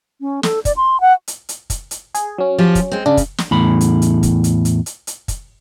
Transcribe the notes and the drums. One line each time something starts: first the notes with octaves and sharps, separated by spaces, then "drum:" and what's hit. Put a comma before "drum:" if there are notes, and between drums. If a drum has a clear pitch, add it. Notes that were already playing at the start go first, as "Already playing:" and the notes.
C#4
A4, drum: snare
D5, drum: kick, hi-hat
C6
F#5
drum: hi-hat
drum: hi-hat
drum: kick, hi-hat
drum: hi-hat
G#4, drum: hi-hat
F#3 C#4
F3 F4 G4
drum: kick, hi-hat
G#3 C4
C#3 D4
drum: kick, hi-hat
drum: snare
E2 A2 B5
drum: hi-hat
drum: hi-hat
drum: kick, hi-hat
drum: hi-hat
drum: hi-hat
drum: hi-hat
drum: hi-hat
drum: kick, hi-hat